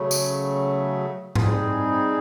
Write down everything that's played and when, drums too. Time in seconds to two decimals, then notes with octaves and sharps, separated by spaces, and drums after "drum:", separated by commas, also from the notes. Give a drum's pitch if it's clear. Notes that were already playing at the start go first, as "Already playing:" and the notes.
Already playing: C#3 F#3 A3
0.11 drum: tambourine
1.35 G3 C4 D#4 G#4, drum: tom G#2